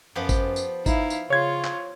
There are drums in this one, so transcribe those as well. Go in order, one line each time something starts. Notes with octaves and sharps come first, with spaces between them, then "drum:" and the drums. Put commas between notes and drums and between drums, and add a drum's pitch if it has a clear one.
F#2 F3 B3 G4
drum: kick G#1, tambourine
drum: tambourine
D#4 E4 F5, drum: kick G#1, tambourine
drum: tambourine
C#3 F4 C#5 G#6
drum: clap